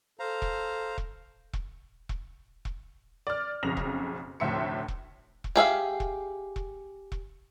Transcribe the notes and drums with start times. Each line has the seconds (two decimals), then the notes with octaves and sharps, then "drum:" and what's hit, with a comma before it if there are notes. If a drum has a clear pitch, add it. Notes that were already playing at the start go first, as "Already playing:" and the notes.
0.19 A4 C5 F5 A#5
0.42 drum: kick E1
0.98 drum: kick E1
1.53 drum: kick E1
2.09 drum: kick E1
2.65 drum: kick E1
3.27 D5 F6
3.63 F#1 B1 F2 C#3 A#6 F7
3.77 drum: kick E1
4.40 F1 D2 A2 E5 C6 C#7
4.88 drum: kick E1
5.44 drum: kick E1
5.56 G4 G#4 E5 F5
6.00 drum: kick E1
6.56 drum: kick E1
7.12 drum: kick E1